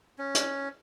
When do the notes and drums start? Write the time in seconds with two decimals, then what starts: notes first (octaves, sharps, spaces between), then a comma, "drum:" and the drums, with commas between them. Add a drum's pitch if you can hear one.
0.19 C#4
0.35 drum: hi-hat